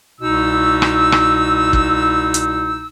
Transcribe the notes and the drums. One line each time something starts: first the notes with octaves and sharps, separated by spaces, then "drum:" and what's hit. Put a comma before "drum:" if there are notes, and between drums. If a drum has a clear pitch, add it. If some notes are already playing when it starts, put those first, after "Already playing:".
C2 B2 D#4 E6
drum: rim click
drum: rim click
drum: kick
drum: hi-hat